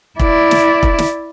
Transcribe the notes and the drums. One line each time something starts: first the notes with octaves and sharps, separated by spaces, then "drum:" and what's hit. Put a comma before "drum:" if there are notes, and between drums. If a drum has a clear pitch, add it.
E4 D5, drum: kick
drum: snare
drum: kick
drum: snare